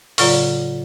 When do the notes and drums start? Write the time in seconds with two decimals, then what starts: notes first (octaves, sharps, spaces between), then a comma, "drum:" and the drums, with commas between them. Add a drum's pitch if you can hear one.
0.18 A2 C#3 F#3 F4 D5 A#5, drum: open hi-hat